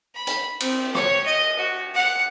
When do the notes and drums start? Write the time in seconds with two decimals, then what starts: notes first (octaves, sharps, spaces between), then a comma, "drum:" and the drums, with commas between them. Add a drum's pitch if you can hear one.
0.15 B5
0.27 drum: hi-hat
0.60 C4, drum: cymbal
0.95 C#5, drum: rim click
1.26 D#5
1.59 F#4
1.95 F#5